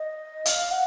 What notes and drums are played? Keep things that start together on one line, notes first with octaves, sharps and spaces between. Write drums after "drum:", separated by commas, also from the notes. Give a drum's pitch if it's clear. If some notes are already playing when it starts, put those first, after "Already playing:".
Already playing: D#5
F5, drum: hi-hat
F#5